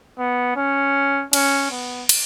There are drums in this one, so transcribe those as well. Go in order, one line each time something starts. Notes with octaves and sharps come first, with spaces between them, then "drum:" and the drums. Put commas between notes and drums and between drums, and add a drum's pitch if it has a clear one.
B3
C#4
C#4, drum: cymbal
B3
drum: cymbal